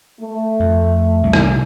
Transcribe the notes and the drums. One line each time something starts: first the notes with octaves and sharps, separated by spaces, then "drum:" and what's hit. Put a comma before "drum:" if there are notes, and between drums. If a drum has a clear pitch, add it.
A3
F2
C2 A2
drum: rim click